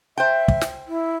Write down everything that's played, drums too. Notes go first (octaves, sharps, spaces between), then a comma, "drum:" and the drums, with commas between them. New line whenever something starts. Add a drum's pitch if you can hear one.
C5 E5 G5
drum: kick
drum: snare
E4